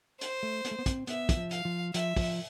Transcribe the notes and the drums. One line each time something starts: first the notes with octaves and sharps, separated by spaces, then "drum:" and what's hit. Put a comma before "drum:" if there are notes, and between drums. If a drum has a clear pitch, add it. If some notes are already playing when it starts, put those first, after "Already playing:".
C5, drum: hi-hat
A3
B3, drum: hi-hat
A3
B3
C4, drum: kick, hi-hat
B3 E5, drum: hi-hat
E3, drum: kick, hi-hat
F3
F5, drum: hi-hat
F3
F3 E5, drum: hi-hat
F3, drum: kick, open hi-hat